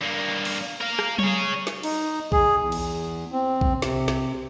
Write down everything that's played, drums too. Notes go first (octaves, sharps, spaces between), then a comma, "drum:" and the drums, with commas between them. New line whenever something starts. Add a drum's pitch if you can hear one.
G2 A#3
drum: cymbal
A#4 F5
drum: rim click
G#4 C#5, drum: tom F#3
drum: snare
D#4, drum: cymbal
G#4, drum: kick B1
E2
drum: cymbal
C4
drum: kick B1
C3, drum: snare
drum: snare